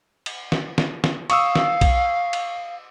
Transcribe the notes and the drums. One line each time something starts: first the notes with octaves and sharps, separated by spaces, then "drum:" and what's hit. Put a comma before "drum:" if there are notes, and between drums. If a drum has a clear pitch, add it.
drum: cymbal
drum: snare
drum: snare
drum: snare
F5 C#6 D#6 E6, drum: cymbal
drum: snare
drum: kick, cymbal
drum: cymbal